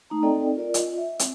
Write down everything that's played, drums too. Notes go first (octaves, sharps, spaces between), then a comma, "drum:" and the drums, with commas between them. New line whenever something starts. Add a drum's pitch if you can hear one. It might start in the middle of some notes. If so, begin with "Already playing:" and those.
A3 D#4 A#5
C4 D#4 A4 D5 D#5 G5
F4 A#4 D5
F4 D#5, drum: hi-hat
E5
C4, drum: hi-hat